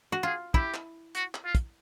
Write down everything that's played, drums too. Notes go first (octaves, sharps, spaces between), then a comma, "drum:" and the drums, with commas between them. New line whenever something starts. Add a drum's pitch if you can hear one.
F#4
F4 G#4
E4 G4, drum: kick
drum: clap
F#4, drum: hi-hat
drum: clap
F4
drum: kick, hi-hat